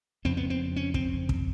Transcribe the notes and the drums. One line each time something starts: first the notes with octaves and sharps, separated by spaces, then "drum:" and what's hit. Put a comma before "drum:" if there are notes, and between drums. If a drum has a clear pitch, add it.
F2 C#3 C4
B3
C4
C#4
C4, drum: kick
drum: kick